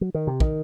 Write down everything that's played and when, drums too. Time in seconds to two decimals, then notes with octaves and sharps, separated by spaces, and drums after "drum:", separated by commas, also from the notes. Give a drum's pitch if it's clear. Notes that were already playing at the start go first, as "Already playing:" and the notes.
0.01 F#3
0.14 D#3
0.27 C3
0.40 D#3, drum: kick